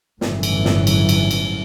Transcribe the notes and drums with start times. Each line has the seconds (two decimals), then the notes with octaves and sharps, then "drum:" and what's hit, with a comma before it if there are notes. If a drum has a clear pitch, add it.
0.21 G1 A2 C#3 E3 F#3 G3, drum: snare
0.43 drum: cymbal
0.65 drum: snare
0.87 drum: cymbal
1.09 drum: cymbal
1.31 drum: cymbal